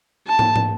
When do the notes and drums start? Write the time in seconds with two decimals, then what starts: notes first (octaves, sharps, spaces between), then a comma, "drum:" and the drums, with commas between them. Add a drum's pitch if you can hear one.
0.27 A5
0.39 drum: tom
0.56 drum: tom